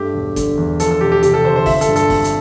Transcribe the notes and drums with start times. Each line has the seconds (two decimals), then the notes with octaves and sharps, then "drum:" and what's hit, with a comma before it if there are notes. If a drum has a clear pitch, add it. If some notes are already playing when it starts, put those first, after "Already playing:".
Already playing: G2 A3 G4
0.14 E1
0.36 D3, drum: kick F#1, hi-hat
0.57 E2
0.80 F3 A4, drum: hi-hat
0.91 A4
1.01 E1 G4
1.12 G4
1.23 C3 G4, drum: hi-hat
1.34 A4
1.45 D2 C5
1.56 C5
1.66 F4 E5, drum: kick F#1, open hi-hat
1.81 A4, drum: hi-hat
1.88 G2
1.96 A4, drum: hi-hat
2.10 C4, drum: kick F#1, open hi-hat
2.24 drum: hi-hat